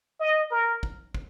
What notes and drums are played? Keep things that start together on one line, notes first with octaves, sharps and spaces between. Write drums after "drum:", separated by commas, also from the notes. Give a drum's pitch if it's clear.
D#5
A#4
drum: kick
drum: kick